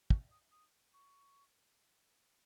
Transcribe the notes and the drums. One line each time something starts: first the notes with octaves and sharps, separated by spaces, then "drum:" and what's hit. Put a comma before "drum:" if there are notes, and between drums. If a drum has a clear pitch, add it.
C#6, drum: kick
D#6
D#6
C#6